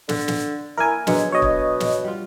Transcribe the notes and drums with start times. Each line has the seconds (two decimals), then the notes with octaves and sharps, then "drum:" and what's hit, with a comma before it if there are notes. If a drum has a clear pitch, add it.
0.09 D3, drum: snare
0.28 drum: snare
0.77 A#3 E4 A#4 D5 G#5
1.07 D3 F#3 G#3 B3, drum: snare
1.32 B2 C#5 D#5
1.42 drum: kick
1.80 drum: snare
2.04 G3 F4